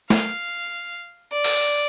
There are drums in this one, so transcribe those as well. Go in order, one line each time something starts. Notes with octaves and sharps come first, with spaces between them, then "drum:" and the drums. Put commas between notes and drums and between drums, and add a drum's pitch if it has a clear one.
F5, drum: snare
D5
drum: open hi-hat